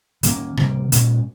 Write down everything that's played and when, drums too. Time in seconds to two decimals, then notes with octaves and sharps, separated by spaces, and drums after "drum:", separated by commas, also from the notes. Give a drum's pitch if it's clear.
0.23 D#3 G3 A#3 C#4, drum: hi-hat
0.57 C3 D#3 G3 A#3, drum: rim click
0.92 A#2 G#3 C#4, drum: hi-hat